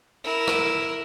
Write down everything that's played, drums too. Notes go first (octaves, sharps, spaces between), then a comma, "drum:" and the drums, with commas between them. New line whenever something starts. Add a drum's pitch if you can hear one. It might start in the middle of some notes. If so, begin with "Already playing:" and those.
E4 A#4
drum: rim click